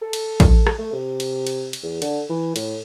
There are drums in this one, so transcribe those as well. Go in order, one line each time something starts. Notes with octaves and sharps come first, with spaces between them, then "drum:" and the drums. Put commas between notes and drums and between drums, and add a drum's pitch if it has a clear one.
A4
drum: cymbal
drum: kick, cymbal
drum: rim click
A3
C3
drum: cymbal
drum: cymbal
drum: cymbal
E2
D3, drum: cymbal
E3
A2, drum: cymbal